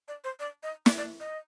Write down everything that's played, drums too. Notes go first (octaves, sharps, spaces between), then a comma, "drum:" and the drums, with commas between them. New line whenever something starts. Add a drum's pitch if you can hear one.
D5
C5
D5
D#5
D5, drum: snare
D5
D#5